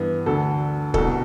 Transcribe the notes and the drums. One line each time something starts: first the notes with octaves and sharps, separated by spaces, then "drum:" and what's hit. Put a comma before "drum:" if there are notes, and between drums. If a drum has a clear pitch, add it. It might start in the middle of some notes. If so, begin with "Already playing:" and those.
Already playing: G2 E3 B3
D2 D3 A4
C2 B2 A4, drum: kick